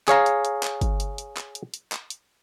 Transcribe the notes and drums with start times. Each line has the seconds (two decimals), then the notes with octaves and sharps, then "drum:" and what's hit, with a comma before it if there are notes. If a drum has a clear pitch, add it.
0.08 G#4 C#5 F5 A#5, drum: clap
0.26 drum: hi-hat
0.45 drum: hi-hat
0.63 drum: clap
0.81 drum: kick G1, hi-hat
1.00 drum: hi-hat
1.18 drum: hi-hat
1.37 drum: clap
1.55 drum: hi-hat
1.74 drum: hi-hat
1.92 drum: clap
2.10 drum: hi-hat